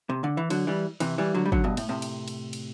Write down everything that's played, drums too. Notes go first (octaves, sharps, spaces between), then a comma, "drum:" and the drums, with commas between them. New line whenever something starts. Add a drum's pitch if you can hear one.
C3
D3
E3
D3 F#3, drum: cymbal
E3 G3
C3 E3, drum: cymbal
E3 G3
D3 F#3
G3
D3 F#3, drum: kick
G2 B2
A2, drum: cymbal
A2 C3
drum: cymbal
drum: cymbal
drum: cymbal